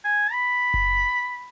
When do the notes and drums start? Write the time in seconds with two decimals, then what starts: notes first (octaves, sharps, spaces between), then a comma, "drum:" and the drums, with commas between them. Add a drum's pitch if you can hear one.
0.05 G#5
0.32 B5
0.74 drum: kick F#1